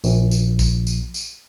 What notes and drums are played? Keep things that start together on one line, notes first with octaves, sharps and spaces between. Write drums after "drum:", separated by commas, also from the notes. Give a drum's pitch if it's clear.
A#1, drum: tambourine
drum: tambourine
drum: kick, tambourine
drum: tambourine
drum: tambourine